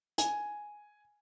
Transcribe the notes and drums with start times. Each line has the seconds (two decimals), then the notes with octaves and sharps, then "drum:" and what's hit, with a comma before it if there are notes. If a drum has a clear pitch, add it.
0.18 G#5, drum: hi-hat